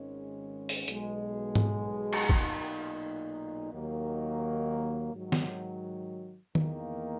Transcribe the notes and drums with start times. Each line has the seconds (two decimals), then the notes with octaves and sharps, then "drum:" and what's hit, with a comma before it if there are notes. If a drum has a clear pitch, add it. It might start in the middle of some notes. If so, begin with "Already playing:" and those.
Already playing: G#1 G#2 D#3 G#3 C#4
0.69 drum: open hi-hat
0.88 B1 B2 G#3, drum: hi-hat
1.55 drum: tom G#2
2.13 drum: cymbal
2.29 B1 A#2 A#3 D#4, drum: kick
3.72 D#2 D#3 F#3 A#3
5.14 G#2 D#3 F#3
5.32 drum: snare
6.55 E2 D#3 A#3, drum: tom D#3